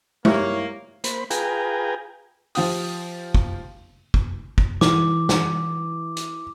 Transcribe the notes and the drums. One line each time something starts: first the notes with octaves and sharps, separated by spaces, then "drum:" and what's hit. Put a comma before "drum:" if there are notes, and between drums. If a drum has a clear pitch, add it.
G2 A#3 D#4 E4 G4 C#5 E5 C#6, drum: tom G#3
A#3 C5 B5, drum: hi-hat
F4 G#4 B4 G5 G#5 A#5, drum: hi-hat
F3 F4 G4 D#6, drum: open hi-hat
drum: kick
drum: kick
drum: kick
E3 D6, drum: snare
drum: snare
drum: hi-hat